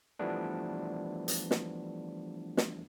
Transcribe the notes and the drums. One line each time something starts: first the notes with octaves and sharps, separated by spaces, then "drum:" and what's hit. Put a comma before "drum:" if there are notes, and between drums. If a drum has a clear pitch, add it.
E3 F3 G3 A3 B3 D4
drum: hi-hat
drum: snare
drum: snare